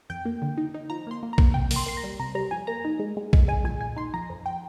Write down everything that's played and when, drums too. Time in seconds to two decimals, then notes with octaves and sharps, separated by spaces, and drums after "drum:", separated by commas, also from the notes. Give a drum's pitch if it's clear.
0.10 F2 G5
0.25 A#3
0.42 D3
0.57 D#4
0.74 D#4
0.90 F3 A#5
1.07 A#3 C6
1.23 A#3
1.33 A#5
1.38 A#3, drum: kick
1.54 C3 G5
1.71 A#3, drum: open hi-hat
1.76 C6
1.86 A#3 C6
1.97 A#5
2.04 G3
2.19 C3 A#5
2.35 G3 A#5
2.51 F2 G#5
2.67 A#3 A#5
2.84 D#4
2.99 G#3
3.17 G#3
3.33 G#3, drum: kick
3.48 G#3 G#5
3.64 A#2 G#5
3.80 A#2 G#5
3.96 D#4 C6
4.14 F3 A#5
4.30 F2
4.46 G5